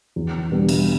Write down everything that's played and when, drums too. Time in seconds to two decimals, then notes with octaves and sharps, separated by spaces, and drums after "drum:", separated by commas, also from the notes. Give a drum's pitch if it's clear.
0.16 E2
0.51 B2 G3 B3 D4
0.69 drum: cymbal